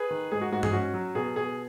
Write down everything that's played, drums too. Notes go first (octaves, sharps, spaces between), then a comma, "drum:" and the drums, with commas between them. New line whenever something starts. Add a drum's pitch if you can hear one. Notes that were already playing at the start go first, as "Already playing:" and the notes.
Already playing: G#4 B4
D#3
G#2 G#4
F#4
G#2 F#4
G#4, drum: tom G2
C#4 F#4
F#3
B2 G#4
B2 G#4